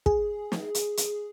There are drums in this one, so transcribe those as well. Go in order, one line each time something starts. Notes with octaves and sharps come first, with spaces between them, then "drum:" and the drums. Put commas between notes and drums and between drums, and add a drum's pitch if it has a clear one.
G#4, drum: kick
drum: snare
drum: hi-hat
drum: hi-hat